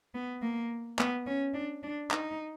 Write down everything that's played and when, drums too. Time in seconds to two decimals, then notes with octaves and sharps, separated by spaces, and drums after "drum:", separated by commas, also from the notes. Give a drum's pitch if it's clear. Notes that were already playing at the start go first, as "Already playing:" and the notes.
0.14 B3
0.42 A#3
0.99 B3, drum: clap
1.27 C#4
1.54 D4
1.83 D4
2.11 D#4, drum: clap